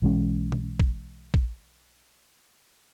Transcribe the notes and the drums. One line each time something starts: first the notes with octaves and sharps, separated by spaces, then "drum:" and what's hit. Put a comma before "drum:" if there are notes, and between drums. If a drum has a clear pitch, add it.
B1 E3 G#3 C#4
drum: tom B2
drum: kick
drum: kick